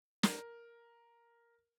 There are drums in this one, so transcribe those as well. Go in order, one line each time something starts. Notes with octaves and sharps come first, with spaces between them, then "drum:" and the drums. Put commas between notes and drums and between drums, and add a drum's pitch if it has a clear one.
A#4, drum: snare